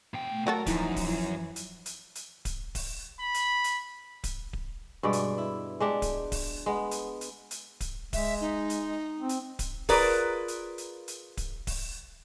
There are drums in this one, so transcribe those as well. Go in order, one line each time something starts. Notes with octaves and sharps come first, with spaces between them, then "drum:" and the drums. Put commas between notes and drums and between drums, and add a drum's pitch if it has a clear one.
B2 G5
A3
F#3 F#4 A4 A#4
F#2 E3 F3 D#4 D5, drum: kick D1, hi-hat
drum: kick D1, open hi-hat
E3
drum: hi-hat
drum: hi-hat
drum: hi-hat
drum: kick D1, hi-hat
drum: kick D1, open hi-hat
B5
drum: hi-hat
drum: hi-hat
drum: kick D1, hi-hat
drum: kick D1
G2 B2 G#3 D5
drum: hi-hat
E4
G#3 D4 G4
drum: kick D1, hi-hat
drum: kick D1, open hi-hat
G#3 B3
drum: hi-hat
drum: hi-hat
drum: hi-hat
drum: kick D1, hi-hat
G#3 E5, drum: kick D1, open hi-hat
D#4
drum: hi-hat
C4
drum: hi-hat
drum: kick D1, hi-hat
F4 G#4 A#4 B4 D5, drum: kick D1, open hi-hat
drum: hi-hat
drum: hi-hat
drum: hi-hat
drum: kick D1, hi-hat
drum: kick D1, open hi-hat